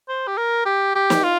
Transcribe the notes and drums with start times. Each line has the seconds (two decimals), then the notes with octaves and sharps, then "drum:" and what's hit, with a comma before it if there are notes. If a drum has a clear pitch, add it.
0.08 C5
0.27 G4
0.37 A#4
0.66 G4
0.95 G4
1.10 drum: snare
1.23 F4